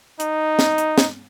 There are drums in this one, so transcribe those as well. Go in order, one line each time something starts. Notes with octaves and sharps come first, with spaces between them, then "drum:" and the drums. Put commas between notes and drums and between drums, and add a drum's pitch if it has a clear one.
D#4, drum: hi-hat
drum: snare
drum: hi-hat
drum: snare